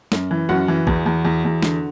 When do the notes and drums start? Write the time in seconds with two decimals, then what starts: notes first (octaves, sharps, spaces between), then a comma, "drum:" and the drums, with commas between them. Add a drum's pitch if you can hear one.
0.12 F#2, drum: snare
0.31 E3
0.49 F#2 F#4 F#5
0.68 E3
0.87 E2, drum: kick
1.06 E2
1.25 E2
1.45 E2
1.62 D3, drum: snare